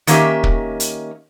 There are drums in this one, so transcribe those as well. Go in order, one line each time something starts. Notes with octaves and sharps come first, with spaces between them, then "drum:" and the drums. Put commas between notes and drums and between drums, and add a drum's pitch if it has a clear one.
D#3 A#3 C#4 G4 E5, drum: hi-hat
drum: kick
drum: hi-hat